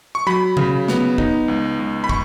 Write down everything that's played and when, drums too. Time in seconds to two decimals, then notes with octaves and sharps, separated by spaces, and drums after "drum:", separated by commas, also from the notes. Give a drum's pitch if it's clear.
0.15 C#6
0.27 F#3 B5
0.57 C#3, drum: tom C3
0.88 B3, drum: snare
1.18 D#4, drum: kick
1.48 C#2
1.79 C#2
2.04 B5
2.09 C#6, drum: kick